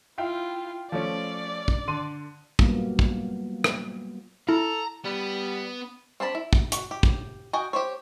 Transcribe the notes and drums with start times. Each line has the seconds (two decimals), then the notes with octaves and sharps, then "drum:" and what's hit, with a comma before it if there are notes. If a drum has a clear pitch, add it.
0.18 E4 F4 E5 F5 G5
0.92 F3 A3 C#4 D5
1.68 drum: kick
1.87 D3 C6 D#7
2.59 F#3 G3 A#3 B3 F4, drum: kick
2.99 drum: kick
3.64 drum: rim click
4.49 E4 A4 A#5
5.05 G3 B3
6.20 C4 D4 A5 B5
6.35 E4
6.53 drum: kick
6.72 F#4, drum: hi-hat
6.91 G4
7.03 drum: kick
7.53 F#4 D#5 G5 G#5
7.73 G4 C5 C#5